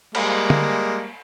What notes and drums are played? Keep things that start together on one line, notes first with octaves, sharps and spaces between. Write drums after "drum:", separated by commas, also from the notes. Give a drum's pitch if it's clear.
G3 G#3 A#3, drum: cymbal
drum: tom D3